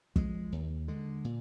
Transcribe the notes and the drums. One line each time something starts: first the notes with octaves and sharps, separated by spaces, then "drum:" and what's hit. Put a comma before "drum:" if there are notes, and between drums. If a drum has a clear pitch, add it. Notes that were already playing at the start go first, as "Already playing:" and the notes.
F3 G#3, drum: kick
D#2
D3 G#3
A#2